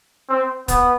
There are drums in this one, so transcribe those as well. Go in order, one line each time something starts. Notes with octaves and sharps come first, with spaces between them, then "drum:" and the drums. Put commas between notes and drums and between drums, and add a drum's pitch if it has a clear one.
C4
B3, drum: kick, hi-hat